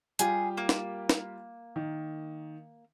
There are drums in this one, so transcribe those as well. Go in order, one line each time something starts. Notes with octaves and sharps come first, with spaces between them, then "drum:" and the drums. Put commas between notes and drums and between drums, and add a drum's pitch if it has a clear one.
G3 F4 G4 G#4, drum: hi-hat
A#3
drum: snare
drum: snare
D#3